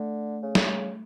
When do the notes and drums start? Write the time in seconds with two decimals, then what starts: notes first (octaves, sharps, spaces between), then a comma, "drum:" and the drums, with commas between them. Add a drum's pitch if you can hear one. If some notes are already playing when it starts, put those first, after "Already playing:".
Already playing: D3 A3
0.42 C#3
0.55 drum: snare